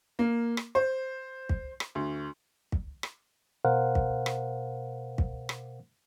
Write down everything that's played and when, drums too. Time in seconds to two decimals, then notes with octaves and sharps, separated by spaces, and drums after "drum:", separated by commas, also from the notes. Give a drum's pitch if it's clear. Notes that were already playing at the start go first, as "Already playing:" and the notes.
0.19 A#3
0.57 drum: rim click
0.75 C5
1.49 drum: kick
1.80 drum: rim click
1.95 D2
2.72 drum: kick
3.03 drum: rim click
3.65 B2 A#4 C5 F5 F#5
3.95 drum: kick
4.26 drum: rim click
5.18 drum: kick
5.49 drum: rim click